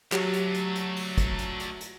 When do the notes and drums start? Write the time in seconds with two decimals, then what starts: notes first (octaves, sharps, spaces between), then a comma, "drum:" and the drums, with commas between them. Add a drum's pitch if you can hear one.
0.12 F#3 A3 D4 G4, drum: clap
0.33 drum: hi-hat
0.54 drum: hi-hat
0.75 drum: hi-hat
0.97 drum: open hi-hat
1.18 drum: kick, hi-hat
1.39 drum: hi-hat
1.60 drum: hi-hat
1.81 drum: hi-hat